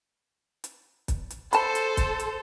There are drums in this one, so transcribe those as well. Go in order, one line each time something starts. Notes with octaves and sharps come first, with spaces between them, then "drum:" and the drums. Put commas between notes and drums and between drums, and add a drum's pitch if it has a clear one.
drum: hi-hat
drum: kick, hi-hat
drum: hi-hat
A4 C5 A5 B5, drum: hi-hat
drum: hi-hat
drum: kick, hi-hat
drum: hi-hat